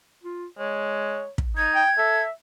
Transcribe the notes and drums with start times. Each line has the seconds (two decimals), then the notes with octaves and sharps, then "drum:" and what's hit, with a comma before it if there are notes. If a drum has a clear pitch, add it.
0.23 F4
0.59 G#3 C#5
1.38 drum: kick
1.57 D#4 G#6
1.75 G5
1.98 A4 E5